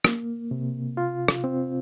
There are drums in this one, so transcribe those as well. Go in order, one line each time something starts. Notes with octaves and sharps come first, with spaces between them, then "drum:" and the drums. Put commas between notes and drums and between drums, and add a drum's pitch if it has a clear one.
A#3, drum: rim click
C3
F4
drum: rim click
C4